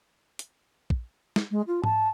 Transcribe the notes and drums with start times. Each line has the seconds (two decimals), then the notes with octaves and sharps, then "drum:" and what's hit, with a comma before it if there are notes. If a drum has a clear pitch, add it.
0.39 drum: hi-hat
0.90 drum: kick
1.36 drum: snare
1.51 G#3
1.67 F4
1.84 A5, drum: tom G#2